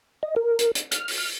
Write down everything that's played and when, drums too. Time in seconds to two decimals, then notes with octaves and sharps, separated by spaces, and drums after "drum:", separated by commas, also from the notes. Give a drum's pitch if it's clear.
0.23 D#5
0.36 A#4
0.59 drum: hi-hat
0.75 drum: hi-hat
0.91 F6, drum: hi-hat
1.08 drum: open hi-hat
1.18 F6